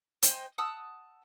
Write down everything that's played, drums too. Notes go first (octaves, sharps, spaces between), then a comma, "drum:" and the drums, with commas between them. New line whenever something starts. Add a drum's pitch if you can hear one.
C5 D#5 G5 G#5, drum: hi-hat
F#5 A5 D#6 E6